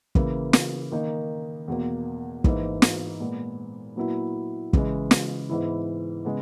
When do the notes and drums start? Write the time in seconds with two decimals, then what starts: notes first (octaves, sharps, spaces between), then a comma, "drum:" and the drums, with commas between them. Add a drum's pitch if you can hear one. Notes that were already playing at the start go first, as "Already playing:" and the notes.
0.15 C#3 E3 A#3, drum: kick
0.53 drum: snare
0.92 D#3 A#3 D#4
1.68 E2 B2 A#3
2.44 G#2 E3 A#3 D#4, drum: kick
2.82 drum: snare
3.20 A#2 G#3 B3
3.96 A#2 F#3 B3 E4
4.73 C#3 E3 G#3, drum: kick
5.11 drum: snare
5.49 G#2 E3 B3 E4
6.25 C#3 G#3 B3